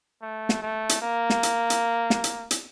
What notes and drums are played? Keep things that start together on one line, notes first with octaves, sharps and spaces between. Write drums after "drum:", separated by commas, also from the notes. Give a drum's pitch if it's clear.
A3
drum: snare
A3
drum: hi-hat
A#3
drum: snare
drum: hi-hat
drum: hi-hat
drum: snare
drum: hi-hat
drum: hi-hat